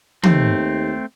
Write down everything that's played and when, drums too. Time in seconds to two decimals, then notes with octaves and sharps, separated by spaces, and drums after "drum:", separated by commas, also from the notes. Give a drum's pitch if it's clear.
0.23 D#2 A3 C4, drum: tom